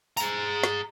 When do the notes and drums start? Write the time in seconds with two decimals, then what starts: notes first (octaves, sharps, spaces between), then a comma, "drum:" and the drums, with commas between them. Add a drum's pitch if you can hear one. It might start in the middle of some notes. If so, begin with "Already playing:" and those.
0.17 G#4 A#5, drum: tambourine
0.63 drum: snare